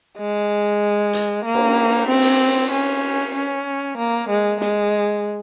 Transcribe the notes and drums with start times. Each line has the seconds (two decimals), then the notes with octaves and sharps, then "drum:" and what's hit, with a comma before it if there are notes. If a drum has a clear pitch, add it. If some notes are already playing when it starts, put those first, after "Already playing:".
0.18 G#3
1.13 drum: hi-hat
1.45 A#3
1.55 drum: cymbal
2.08 C4
2.21 drum: open hi-hat
2.71 C#4
3.35 C#4
3.98 A#3
4.29 G#3
4.61 G#3, drum: snare